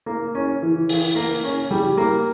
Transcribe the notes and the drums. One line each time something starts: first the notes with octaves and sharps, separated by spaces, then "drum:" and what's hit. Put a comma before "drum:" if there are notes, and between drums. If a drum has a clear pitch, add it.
A#3
C#4
E3
E3, drum: open hi-hat
A#3
C#4
G3
A#3